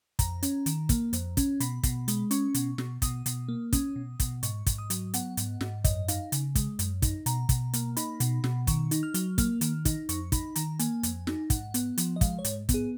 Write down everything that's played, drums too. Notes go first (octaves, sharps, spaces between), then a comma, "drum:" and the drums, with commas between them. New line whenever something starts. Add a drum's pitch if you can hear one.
F2 A#5, drum: kick, hi-hat
C#4, drum: hi-hat
D#3, drum: hi-hat
A#3, drum: kick, hi-hat
F2, drum: hi-hat
C#4, drum: kick, hi-hat
B2 B5, drum: hi-hat
B2, drum: kick, hi-hat
G#3, drum: hi-hat
C#4 C#6, drum: hi-hat
B2, drum: hi-hat
B2, drum: snare
B2 D#6, drum: kick, hi-hat
B2, drum: hi-hat
A#3
C#4 D#6, drum: kick, hi-hat
B2
B2, drum: kick, hi-hat
G#2 C#6, drum: hi-hat
G#2, drum: kick, hi-hat
D#6
F#3, drum: hi-hat
B3 F#5, drum: hi-hat
G#2, drum: hi-hat
G#2, drum: snare
F#2 D#5, drum: kick, hi-hat
D#4 F5, drum: hi-hat
C#3, drum: hi-hat
G#3, drum: kick, hi-hat
F#2, drum: hi-hat
D#4, drum: kick, hi-hat
B2 A#5, drum: hi-hat
B2, drum: kick, hi-hat
A#3, drum: hi-hat
D#4 B5, drum: hi-hat
B2, drum: hi-hat
B2, drum: snare
D#3 C#6, drum: kick, hi-hat
D#4, drum: hi-hat
F6
F#3, drum: hi-hat
A#3 F6, drum: kick, hi-hat
D#3, drum: hi-hat
D#4, drum: kick, hi-hat
F2 C#6, drum: hi-hat
D#4 B5, drum: kick, hi-hat
D#3 A#5, drum: hi-hat
A#3 G#5, drum: hi-hat
F2, drum: hi-hat
D#4, drum: snare
G#2 F#5, drum: kick, hi-hat
B3, drum: hi-hat
F3, drum: hi-hat
D#5
G#3 F5, drum: kick, hi-hat
C#5
G#2, drum: hi-hat
B3, drum: kick, hi-hat
G#4